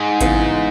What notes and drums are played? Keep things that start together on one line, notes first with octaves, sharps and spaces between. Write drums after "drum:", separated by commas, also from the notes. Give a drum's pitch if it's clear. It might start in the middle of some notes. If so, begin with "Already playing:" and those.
Already playing: G#2
C#3 E3 B3, drum: kick G#1, hi-hat